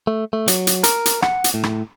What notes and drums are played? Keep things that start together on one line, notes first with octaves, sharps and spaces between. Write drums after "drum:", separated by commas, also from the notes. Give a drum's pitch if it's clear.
A3
A3
F#3, drum: hi-hat
drum: hi-hat
A#4, drum: hi-hat
drum: hi-hat
F#5, drum: rim click
drum: hi-hat
A2
drum: rim click